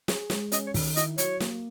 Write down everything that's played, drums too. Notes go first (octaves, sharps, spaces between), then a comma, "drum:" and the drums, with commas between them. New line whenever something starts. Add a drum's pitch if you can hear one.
G#4, drum: snare
G#3, drum: snare
C#4 D#5, drum: hi-hat
C#5
D#3, drum: kick, open hi-hat
E4 D#5, drum: hi-hat
F#3 C#5, drum: hi-hat
A#3, drum: snare